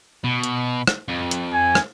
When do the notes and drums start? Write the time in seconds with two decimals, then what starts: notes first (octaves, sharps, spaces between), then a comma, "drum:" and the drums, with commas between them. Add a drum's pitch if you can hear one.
0.24 B2
0.43 drum: hi-hat
0.87 drum: rim click
1.08 F2
1.31 drum: hi-hat
1.53 G#5
1.75 drum: rim click